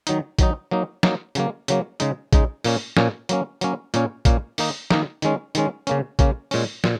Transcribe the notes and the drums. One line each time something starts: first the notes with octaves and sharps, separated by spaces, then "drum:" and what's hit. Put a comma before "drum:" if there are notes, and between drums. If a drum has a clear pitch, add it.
D#3 F#3 D#4, drum: hi-hat
D#3 F#3 D#4, drum: kick A#1, hi-hat
F#3 A#3 D#4
F#3 A#3 D#4, drum: snare
C#3 F#3 A#3, drum: hi-hat
C#3 F#3 A#3, drum: hi-hat
C#3 G#3 D#4, drum: hi-hat
C#3 G#3 D#4, drum: kick A#1, hi-hat
A#2 A#3 C#4, drum: open hi-hat
A#2 A#3 C#4, drum: snare
F#3 A#3 C#4, drum: hi-hat
F#3 A#3 C#4, drum: hi-hat
A#2 A#3 C#4, drum: hi-hat
A#2 A#3 C#4, drum: kick A#1, hi-hat
D#3 A#3 D#4, drum: open hi-hat
D#3 A#3 D#4, drum: snare
D#3 G#3 C#4, drum: hi-hat
D#3 G#3 C#4, drum: hi-hat
C#3 A#3 C#4, drum: hi-hat
C#3 A#3 C#4, drum: kick A#1, hi-hat
A#2 G#3 C#4, drum: open hi-hat
A#2, drum: snare